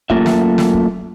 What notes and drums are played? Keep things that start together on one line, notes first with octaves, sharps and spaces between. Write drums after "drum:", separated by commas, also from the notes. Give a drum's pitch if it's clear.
F#2 A3 A#3 F4 E5, drum: kick
drum: snare
drum: snare
drum: kick